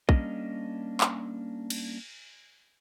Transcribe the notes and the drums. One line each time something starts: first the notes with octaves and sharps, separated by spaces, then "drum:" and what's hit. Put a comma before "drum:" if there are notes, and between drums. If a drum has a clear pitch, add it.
G3 A#3 C#4 D4 D#5, drum: kick
drum: clap
drum: cymbal